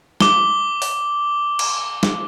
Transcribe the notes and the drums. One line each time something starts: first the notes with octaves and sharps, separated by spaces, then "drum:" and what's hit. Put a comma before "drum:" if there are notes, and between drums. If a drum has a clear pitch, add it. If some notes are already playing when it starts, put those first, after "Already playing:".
D6 G7, drum: snare
drum: open hi-hat
drum: cymbal
drum: snare